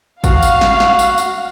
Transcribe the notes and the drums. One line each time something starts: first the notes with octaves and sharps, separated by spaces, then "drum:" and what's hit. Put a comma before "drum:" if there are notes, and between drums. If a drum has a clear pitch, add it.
F#4 F5, drum: kick G#1, tambourine
drum: tambourine
drum: snare
drum: snare
drum: tambourine
drum: tambourine